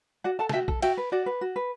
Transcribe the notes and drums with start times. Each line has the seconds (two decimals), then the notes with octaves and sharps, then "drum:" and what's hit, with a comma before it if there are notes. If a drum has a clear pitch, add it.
0.24 F#4 D5 F#5
0.39 A4 F#5 A5
0.49 A5, drum: snare
0.53 F#4 E5 G5
0.68 A4, drum: kick A#1
0.82 F#4 E5 G5, drum: cymbal
0.97 B4
1.12 F#4 D5 F#5
1.26 B4
1.41 F#4
1.56 B4